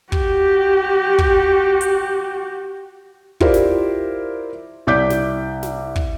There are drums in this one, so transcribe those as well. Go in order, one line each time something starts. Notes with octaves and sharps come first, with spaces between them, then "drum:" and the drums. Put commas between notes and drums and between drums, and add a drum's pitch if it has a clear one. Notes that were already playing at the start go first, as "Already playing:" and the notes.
F#4 G4, drum: kick
drum: kick
drum: hi-hat
E4 F4 G4 A#4 C5 D5, drum: kick
drum: snare
C2 D5 D6 G6 B6
drum: snare
drum: snare
drum: kick